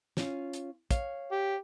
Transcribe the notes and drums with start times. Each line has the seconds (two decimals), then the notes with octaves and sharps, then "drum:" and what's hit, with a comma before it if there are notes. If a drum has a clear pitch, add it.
0.17 C#4 F4, drum: snare
0.53 drum: hi-hat
0.91 C#5 F5, drum: kick, hi-hat
1.32 G4